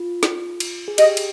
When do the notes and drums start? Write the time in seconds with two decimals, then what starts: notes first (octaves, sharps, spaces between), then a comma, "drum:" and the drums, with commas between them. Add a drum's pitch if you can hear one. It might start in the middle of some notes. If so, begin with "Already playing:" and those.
Already playing: F4
0.23 drum: snare
0.60 drum: cymbal
0.88 G#4
0.98 G4 D#5, drum: cymbal
1.17 drum: cymbal